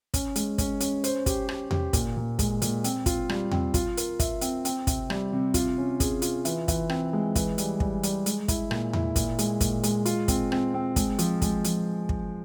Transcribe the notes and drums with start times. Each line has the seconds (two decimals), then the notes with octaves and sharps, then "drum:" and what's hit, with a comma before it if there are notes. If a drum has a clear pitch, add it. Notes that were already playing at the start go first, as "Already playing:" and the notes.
0.14 C#4, drum: kick, hi-hat
0.36 G#3, drum: hi-hat
0.58 C#4, drum: kick, hi-hat
0.80 C#4, drum: hi-hat
1.04 C5, drum: hi-hat
1.26 G4, drum: kick, hi-hat
1.49 G4, drum: rim click
1.71 G4, drum: tom E2
1.93 A#2, drum: kick, hi-hat
2.17 A#2
2.39 G#3, drum: kick, hi-hat
2.62 A#2, drum: hi-hat
2.84 C4, drum: hi-hat
3.06 F4, drum: kick, hi-hat
3.29 G3, drum: rim click
3.51 C4, drum: tom E2
3.74 F4, drum: kick, hi-hat
3.97 A#4, drum: hi-hat
4.20 E5, drum: kick, hi-hat
4.41 C4, drum: hi-hat
4.65 C4, drum: hi-hat
4.87 C3, drum: kick, hi-hat
5.10 G3, drum: rim click
5.33 C3
5.54 F4, drum: kick, hi-hat
5.78 C#4
6.00 G#4, drum: kick, hi-hat
6.22 F4, drum: hi-hat
6.45 E3, drum: hi-hat
6.68 E3, drum: kick, hi-hat
6.89 C4, drum: rim click
7.13 G#3
7.35 E3, drum: kick, hi-hat
7.58 G3, drum: hi-hat
7.80 G3, drum: kick
8.03 G3, drum: hi-hat
8.26 G#3, drum: hi-hat
8.48 E4, drum: kick, hi-hat
8.71 A#2, drum: rim click
8.93 E4, drum: tom E2
9.16 A#2, drum: kick, hi-hat
9.39 G#3, drum: hi-hat
9.61 A#2, drum: kick, hi-hat
9.83 G#3, drum: hi-hat
10.05 F4, drum: hi-hat
10.28 C4, drum: kick, hi-hat
10.52 C4, drum: rim click
10.74 C4
10.96 G#3, drum: kick, hi-hat
11.19 F3, drum: hi-hat
11.42 G#3, drum: kick, hi-hat
11.64 F3, drum: hi-hat
12.09 drum: kick